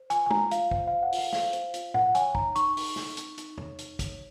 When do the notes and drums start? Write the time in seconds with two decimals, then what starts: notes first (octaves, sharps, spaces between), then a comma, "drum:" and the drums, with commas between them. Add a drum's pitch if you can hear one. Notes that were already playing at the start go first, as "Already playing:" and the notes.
Already playing: C5
0.10 F4 G#5, drum: hi-hat
0.26 G#5
0.30 F4 A#5, drum: tom
0.51 F4 F5, drum: hi-hat
0.71 C5 F5, drum: kick
0.87 C5 F5
1.03 F#5
1.12 F4, drum: open hi-hat
1.18 F5
1.33 C5 F5, drum: snare
1.53 C5, drum: hi-hat
1.74 F4, drum: hi-hat
1.94 A#4 F#5, drum: tom A2
2.15 C#5 G#5, drum: hi-hat
2.35 D#4 A#5, drum: kick
2.55 D#4 C#6, drum: hi-hat
2.77 D#4, drum: open hi-hat
2.96 D#4, drum: snare
3.17 D#4, drum: hi-hat
3.37 D#4, drum: hi-hat
3.58 C#5, drum: tom E2
3.78 D#4, drum: hi-hat
3.99 C#5, drum: kick, hi-hat